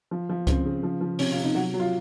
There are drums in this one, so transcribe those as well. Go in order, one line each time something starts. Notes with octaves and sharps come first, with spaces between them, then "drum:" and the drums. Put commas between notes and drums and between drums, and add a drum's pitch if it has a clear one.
F3
F3
C#3 C4, drum: kick C#2, hi-hat
C#3
F3
F3
C3 C#4, drum: open hi-hat
F4
C3
D#4
F#3 F#4
F#3
F4